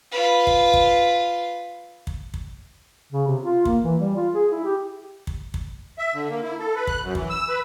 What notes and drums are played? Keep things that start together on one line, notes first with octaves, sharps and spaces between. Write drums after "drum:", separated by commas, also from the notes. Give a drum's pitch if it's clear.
F4 B4
drum: kick
drum: kick
drum: kick
drum: kick
C#3
C3
F4
A#3, drum: kick
E3
G3
F4
G#4
E4
G4
drum: kick
drum: kick
E5
D3
A#3
E4
A4
B4
F#6, drum: kick
F#2
E3, drum: kick
E6
B4